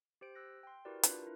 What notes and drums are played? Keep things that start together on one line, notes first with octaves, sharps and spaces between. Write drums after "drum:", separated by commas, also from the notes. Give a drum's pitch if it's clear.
G4 C5 D7
E6 F#6 A#6
G5 C6
E4 F#4 G4 A#4 B4 D5
D4 F4 A#4 B4, drum: hi-hat
E4 A#4